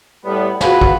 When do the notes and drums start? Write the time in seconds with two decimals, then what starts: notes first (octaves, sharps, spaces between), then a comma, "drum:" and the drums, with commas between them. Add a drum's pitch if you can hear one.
0.25 A2 G3 B3
0.61 F4 F#4 G#4 B4, drum: snare
0.81 drum: kick